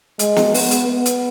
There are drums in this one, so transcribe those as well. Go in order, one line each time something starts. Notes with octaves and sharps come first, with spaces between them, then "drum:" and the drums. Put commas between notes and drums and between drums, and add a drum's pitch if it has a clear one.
G#3, drum: hi-hat
drum: snare
B3, drum: open hi-hat
drum: hi-hat
B3
drum: hi-hat